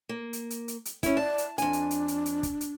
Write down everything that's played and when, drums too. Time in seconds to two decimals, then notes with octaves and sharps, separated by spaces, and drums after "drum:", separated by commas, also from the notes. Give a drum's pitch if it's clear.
0.09 A#3
0.33 drum: hi-hat
0.50 drum: hi-hat
0.68 drum: hi-hat
0.85 drum: hi-hat
1.03 C#4 E4, drum: kick, hi-hat
1.17 D5 A5
1.38 drum: hi-hat
1.58 F2 D4 G#5, drum: hi-hat
1.73 drum: hi-hat
1.91 drum: hi-hat
2.08 drum: hi-hat
2.26 drum: hi-hat
2.43 drum: kick, hi-hat
2.61 drum: hi-hat